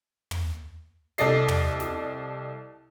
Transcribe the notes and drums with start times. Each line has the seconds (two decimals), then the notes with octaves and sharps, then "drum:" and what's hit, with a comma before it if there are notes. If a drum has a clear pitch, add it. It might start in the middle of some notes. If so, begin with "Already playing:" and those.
0.31 drum: tom
1.18 C2 A4 D5 D#5 C7, drum: snare
1.48 drum: tom
1.80 drum: snare